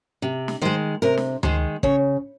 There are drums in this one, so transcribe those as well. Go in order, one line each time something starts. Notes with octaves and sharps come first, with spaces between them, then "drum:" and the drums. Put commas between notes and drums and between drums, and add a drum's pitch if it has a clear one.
C3
drum: snare
D#3 G#3 C5
C3 A#4
drum: snare
D#3 G#3 C5, drum: tom D2
C#3 C#5, drum: kick